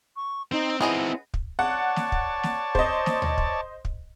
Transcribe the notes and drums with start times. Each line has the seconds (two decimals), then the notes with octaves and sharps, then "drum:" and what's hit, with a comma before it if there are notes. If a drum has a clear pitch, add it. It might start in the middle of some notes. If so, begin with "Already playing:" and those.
0.16 C#6
0.52 C4 D#4
0.81 B3 C4 D#4 E4 G#4 D#5
1.34 drum: kick
1.59 C#5 D5 F#5 A5
1.96 drum: snare
2.12 drum: kick
2.43 drum: snare
2.75 C5 D#5, drum: kick
3.06 drum: snare
3.22 drum: tom D2
3.38 drum: kick
3.85 drum: kick